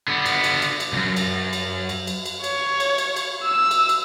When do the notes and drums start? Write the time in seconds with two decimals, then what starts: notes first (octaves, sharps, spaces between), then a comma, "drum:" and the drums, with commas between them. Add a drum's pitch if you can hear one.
0.08 D3 B3
0.26 drum: cymbal
0.44 drum: cymbal
0.62 drum: cymbal
0.80 drum: cymbal
0.93 C2 F#2
1.16 drum: cymbal
1.53 drum: cymbal
1.89 drum: cymbal
2.07 drum: cymbal
2.26 drum: cymbal
2.44 C#5, drum: cymbal
2.80 drum: cymbal
2.98 drum: cymbal
3.16 drum: cymbal
3.44 E6
3.71 drum: cymbal
3.89 drum: cymbal